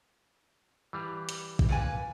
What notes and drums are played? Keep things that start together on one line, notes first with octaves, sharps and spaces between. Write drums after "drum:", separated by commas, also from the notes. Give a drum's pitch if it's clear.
E3 G3 F5
drum: hi-hat
drum: kick
A#2 B4 G#5